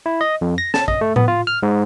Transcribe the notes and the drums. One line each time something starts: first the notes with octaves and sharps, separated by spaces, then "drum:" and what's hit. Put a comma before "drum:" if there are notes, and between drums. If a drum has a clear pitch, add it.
E4
D#5
F2
A#6
A5, drum: snare C#5
D#5, drum: kick
A3
B3, drum: tom A2
F4
F6
G#2